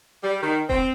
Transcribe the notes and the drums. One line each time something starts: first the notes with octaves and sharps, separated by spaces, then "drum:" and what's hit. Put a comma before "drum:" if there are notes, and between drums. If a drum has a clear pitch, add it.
G3
D#3
C4, drum: kick D#1